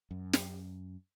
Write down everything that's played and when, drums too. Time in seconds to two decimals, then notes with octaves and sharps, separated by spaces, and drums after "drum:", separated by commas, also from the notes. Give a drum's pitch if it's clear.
0.11 F#2
0.33 drum: snare